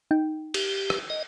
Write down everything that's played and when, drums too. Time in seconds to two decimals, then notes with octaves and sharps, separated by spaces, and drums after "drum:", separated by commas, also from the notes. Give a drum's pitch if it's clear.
0.11 D#4 G5
0.54 G4, drum: cymbal
0.90 drum: rim click
1.10 D#5